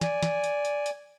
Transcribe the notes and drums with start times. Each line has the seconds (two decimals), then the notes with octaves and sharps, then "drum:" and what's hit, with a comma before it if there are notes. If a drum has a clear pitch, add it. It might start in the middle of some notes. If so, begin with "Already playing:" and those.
0.01 D5 G#5, drum: snare
0.23 drum: snare
0.44 drum: hi-hat
0.65 drum: hi-hat
0.86 drum: hi-hat